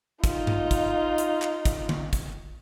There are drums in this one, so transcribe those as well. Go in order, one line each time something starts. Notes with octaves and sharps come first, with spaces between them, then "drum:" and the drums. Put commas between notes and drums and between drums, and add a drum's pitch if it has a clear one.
D#4 F4, drum: kick, hi-hat
drum: tom G2
drum: kick, hi-hat
drum: hi-hat
drum: clap
drum: kick, hi-hat
drum: tom D3
drum: kick, hi-hat